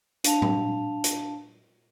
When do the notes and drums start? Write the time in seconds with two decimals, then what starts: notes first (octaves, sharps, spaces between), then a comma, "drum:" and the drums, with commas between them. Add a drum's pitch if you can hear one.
0.24 D4 F5 A5 F7, drum: hi-hat
0.42 drum: tom A#2
1.04 drum: hi-hat